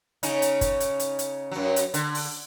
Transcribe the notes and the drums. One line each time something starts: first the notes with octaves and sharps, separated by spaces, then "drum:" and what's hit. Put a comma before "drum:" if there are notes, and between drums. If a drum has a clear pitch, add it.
C#3 C#4 D#4, drum: hi-hat
drum: hi-hat
drum: kick G1, hi-hat
drum: hi-hat
drum: hi-hat
drum: hi-hat
F#2 F#3
drum: hi-hat
D3, drum: hi-hat
drum: open hi-hat